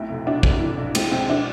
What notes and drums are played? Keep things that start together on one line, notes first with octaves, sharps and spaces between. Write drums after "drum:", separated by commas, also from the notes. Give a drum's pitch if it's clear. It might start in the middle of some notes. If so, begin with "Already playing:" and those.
Already playing: B1 A3 C4 E4
F1
B2 D4
F1, drum: kick
E3
B1
G#3 C4, drum: cymbal
B1 C4
B2 D4